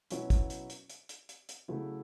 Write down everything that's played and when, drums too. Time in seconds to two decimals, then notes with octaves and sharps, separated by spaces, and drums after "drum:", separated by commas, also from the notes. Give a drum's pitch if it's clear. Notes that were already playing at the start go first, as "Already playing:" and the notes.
0.10 B2 F#3 C#4 E4, drum: hi-hat
0.30 drum: kick, hi-hat
0.50 drum: hi-hat
0.70 drum: hi-hat
0.90 drum: hi-hat
1.09 drum: hi-hat
1.29 drum: hi-hat
1.49 drum: hi-hat
1.68 C#3 F#3 A3 E4